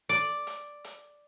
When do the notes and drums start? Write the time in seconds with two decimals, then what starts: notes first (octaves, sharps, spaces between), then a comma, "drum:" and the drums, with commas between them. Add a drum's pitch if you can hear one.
0.09 D5, drum: hi-hat
0.47 drum: hi-hat
0.85 drum: hi-hat